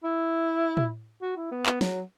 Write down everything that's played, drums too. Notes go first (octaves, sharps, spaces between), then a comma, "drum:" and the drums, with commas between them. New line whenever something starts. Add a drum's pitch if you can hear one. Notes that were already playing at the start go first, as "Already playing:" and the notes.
E4
drum: tom
F#4
E4
B3
B3, drum: clap
F#3, drum: snare